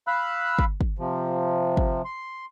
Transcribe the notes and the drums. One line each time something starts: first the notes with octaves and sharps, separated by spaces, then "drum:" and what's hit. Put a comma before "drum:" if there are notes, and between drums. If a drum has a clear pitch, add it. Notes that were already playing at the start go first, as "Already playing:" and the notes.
F5 B5 E6 F#6
drum: kick
drum: kick
C3 F3
drum: kick
C6